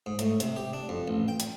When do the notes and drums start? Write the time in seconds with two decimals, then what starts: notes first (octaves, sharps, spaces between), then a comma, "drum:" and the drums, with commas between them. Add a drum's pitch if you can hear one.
0.06 G#2
0.19 A2, drum: hi-hat
0.40 C3, drum: hi-hat
0.56 G4
0.73 D4
0.89 F2
1.08 A1
1.28 G5
1.40 drum: hi-hat